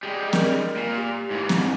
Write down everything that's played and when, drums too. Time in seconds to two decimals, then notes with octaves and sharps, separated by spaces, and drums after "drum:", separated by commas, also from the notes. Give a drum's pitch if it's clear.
0.03 G3 G#3
0.33 A#4, drum: snare C4
0.77 A#2
0.95 G4
1.30 G#2 E3
1.49 drum: snare C4